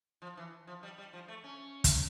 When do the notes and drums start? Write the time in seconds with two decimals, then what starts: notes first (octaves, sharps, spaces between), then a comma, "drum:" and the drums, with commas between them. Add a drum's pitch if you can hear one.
0.22 F3
0.37 E3
0.67 F3
0.83 G3
0.98 G3
1.13 F3
1.28 A3
1.44 C#4
1.84 drum: kick, hi-hat